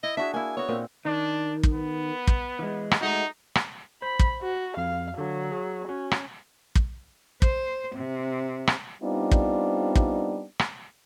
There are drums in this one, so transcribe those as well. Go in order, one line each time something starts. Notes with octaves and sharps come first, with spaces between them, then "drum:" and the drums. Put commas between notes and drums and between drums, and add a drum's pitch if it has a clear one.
E4 D#5
D4 F#4 G#4 E5
A#3 E4 G#5
B3 F#4 C#5
A#2 C4
D#3 D4
drum: kick
B3
drum: kick
E3 G#3
drum: rim click
G#3 A3 D#4 F#4
drum: rim click
C5 B5
drum: kick
F#4
F2 F5
D3 F#3
G#4
C#4 F#4
drum: rim click
drum: kick
C5, drum: kick
C3
drum: rim click
G3 B3 C4 D4 D#4 F4
drum: kick
drum: kick
drum: rim click